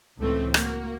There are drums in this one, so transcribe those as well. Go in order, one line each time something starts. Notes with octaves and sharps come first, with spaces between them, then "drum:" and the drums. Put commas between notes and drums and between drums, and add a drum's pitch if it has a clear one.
C#2 A2 E3 A3 C4
A#3 F#4, drum: rim click